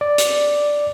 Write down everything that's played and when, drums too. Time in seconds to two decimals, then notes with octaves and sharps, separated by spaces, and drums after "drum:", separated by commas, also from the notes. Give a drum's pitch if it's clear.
0.01 D5
0.18 drum: hi-hat